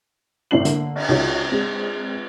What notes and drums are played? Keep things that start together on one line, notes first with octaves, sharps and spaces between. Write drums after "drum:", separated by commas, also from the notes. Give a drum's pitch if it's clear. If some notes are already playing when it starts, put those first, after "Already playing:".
G1 A2 C4 D4 C7 F#7
D3 A#3, drum: hi-hat
drum: cymbal
C#2 D#4 F#4 C#5 E5
G#3 C4